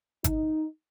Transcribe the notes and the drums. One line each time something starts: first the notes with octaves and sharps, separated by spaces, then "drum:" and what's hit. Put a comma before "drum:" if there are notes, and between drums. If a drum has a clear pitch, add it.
D#4, drum: kick G#1, hi-hat